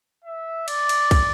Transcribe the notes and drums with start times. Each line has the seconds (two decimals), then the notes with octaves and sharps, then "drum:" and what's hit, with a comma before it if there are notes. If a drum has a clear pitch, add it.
0.24 E5
0.68 D5, drum: cymbal
0.89 drum: cymbal
1.11 drum: kick, cymbal